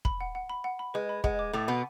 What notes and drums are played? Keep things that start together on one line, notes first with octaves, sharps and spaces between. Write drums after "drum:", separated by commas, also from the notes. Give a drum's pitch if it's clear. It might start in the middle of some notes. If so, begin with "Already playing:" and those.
B5, drum: kick
F#5
F#5
B5
F#5
B5
G#3 B4
B5
G#3 F#5, drum: kick
D6
A2 A3 D6
B2 B3 F#5